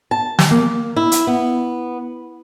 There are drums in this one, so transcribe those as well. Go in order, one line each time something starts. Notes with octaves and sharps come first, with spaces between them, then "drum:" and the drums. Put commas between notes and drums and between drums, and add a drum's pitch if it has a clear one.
A5
drum: snare
A#3
E4
drum: hi-hat
B3